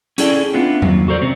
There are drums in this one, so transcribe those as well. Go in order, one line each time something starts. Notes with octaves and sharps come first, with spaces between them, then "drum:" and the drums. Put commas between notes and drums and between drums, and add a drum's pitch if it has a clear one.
C#4 E4 G#4 A4 D5 G5, drum: hi-hat
B3 C4 D4 E4 F4
D#2 F#3, drum: tom
F#4 A4 A#4 C5 D5
C3 C4 C#4